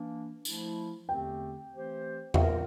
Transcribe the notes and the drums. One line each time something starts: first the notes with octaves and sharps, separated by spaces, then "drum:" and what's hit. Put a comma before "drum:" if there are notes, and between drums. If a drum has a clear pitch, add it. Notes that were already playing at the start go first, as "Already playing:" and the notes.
Already playing: E3 A#3 D4
F3 A3 E4, drum: tambourine
E2 D3 A3 C4 G4 G5
E3 A3 C4 G4 C5
A#2 G3 C4 F4 A#4 E5, drum: tom E2